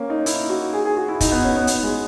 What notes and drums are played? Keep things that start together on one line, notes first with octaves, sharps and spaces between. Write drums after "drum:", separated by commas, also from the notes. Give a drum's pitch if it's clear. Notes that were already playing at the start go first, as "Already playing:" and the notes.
Already playing: A#3 C#4
D#4
E4, drum: hi-hat
F#4
G#4
G#4
F#4
E4
D#4, drum: kick, hi-hat
B3
C#4
B3
B3, drum: hi-hat
G#3